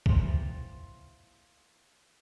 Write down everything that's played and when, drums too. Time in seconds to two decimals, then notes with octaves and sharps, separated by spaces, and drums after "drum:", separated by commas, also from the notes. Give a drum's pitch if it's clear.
0.06 E3 A#3 C4 F4, drum: kick